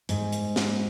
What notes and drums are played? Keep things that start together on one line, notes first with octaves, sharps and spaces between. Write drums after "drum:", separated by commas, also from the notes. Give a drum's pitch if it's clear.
G#2, drum: hi-hat
drum: hi-hat
drum: snare